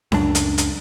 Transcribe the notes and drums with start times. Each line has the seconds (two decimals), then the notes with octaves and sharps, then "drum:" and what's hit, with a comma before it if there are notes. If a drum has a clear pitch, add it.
0.12 C#2 F#2 D4, drum: snare C#4
0.35 drum: hi-hat
0.58 drum: hi-hat